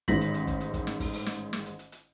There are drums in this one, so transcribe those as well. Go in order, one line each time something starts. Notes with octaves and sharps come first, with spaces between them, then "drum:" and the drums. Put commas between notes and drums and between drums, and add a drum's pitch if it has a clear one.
A1 G#2 D#3 A#6 B6 F#7, drum: kick, hi-hat
drum: hi-hat
drum: hi-hat
drum: kick, hi-hat
drum: hi-hat
drum: kick, hi-hat
drum: snare
drum: kick, open hi-hat
drum: open hi-hat
drum: snare
drum: snare
drum: hi-hat
drum: hi-hat
drum: hi-hat